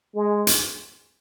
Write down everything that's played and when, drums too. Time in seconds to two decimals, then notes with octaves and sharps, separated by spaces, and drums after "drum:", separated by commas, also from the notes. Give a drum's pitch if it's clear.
0.15 G#3
0.47 drum: hi-hat